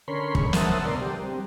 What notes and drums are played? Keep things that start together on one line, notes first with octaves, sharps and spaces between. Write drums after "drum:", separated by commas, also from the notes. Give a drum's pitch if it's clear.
D3 C#4 A#4 C#5 B5 C6
G#3 C#6, drum: kick
A#4 C5 E5 F#5 A5 D#6, drum: snare
B2 D3 A#4 D5 C6
G4
G3 C4